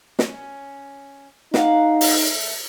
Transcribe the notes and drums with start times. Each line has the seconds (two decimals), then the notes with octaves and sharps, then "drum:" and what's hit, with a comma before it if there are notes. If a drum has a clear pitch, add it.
0.19 C#4, drum: snare
1.54 A#3 D#4 F5 F#5, drum: snare
2.01 drum: open hi-hat
2.11 A3